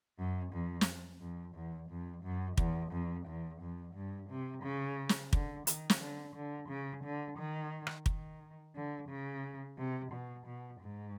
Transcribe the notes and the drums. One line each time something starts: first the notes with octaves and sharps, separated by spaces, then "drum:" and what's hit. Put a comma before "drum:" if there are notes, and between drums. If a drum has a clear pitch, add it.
F#2
F2
drum: snare
F2
E2
F2
F#2
E2, drum: kick
F2
E2
F2
G2
C3
C#3
drum: snare
D3, drum: kick
D#3, drum: hi-hat
drum: snare
D3
D3
C#3
D3
D#3
drum: rim click
D#3, drum: kick
D3
C#3
C3
B2
B2
G#2